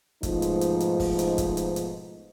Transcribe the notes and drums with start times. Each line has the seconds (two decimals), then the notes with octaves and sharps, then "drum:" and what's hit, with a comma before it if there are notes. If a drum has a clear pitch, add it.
0.23 G#2 B2 F3 A3 D#4, drum: kick, hi-hat
0.42 drum: hi-hat
0.61 drum: hi-hat
0.80 drum: hi-hat
1.00 drum: kick, open hi-hat
1.19 drum: hi-hat
1.38 drum: kick, hi-hat
1.57 drum: hi-hat
1.76 drum: hi-hat